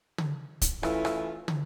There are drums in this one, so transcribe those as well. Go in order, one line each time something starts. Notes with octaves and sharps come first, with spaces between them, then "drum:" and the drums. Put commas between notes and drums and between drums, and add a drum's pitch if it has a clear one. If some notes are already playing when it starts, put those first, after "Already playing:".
drum: tom
drum: kick, hi-hat
E3 A3 C#4 E4 F4, drum: rim click
drum: rim click
drum: tom